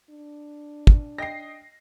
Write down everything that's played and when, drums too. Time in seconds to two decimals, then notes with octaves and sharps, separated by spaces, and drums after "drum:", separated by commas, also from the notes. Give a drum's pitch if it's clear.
0.10 D4
0.87 drum: kick
1.18 D#5 G5 A#6 C7